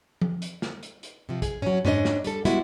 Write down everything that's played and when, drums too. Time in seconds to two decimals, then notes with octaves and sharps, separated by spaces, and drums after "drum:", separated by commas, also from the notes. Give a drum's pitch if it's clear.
0.21 drum: tom F3
0.42 drum: hi-hat
0.62 drum: snare
0.83 drum: hi-hat
1.03 drum: hi-hat
1.29 C3 F3
1.42 G#4, drum: kick, hi-hat
1.62 F#3 C#4, drum: tom
1.85 G#2 C#4 D4 B4 D#5, drum: tom F2
2.05 drum: snare
2.24 G3 A4, drum: hi-hat
2.45 G3 G#3 B3 E4 F#4, drum: hi-hat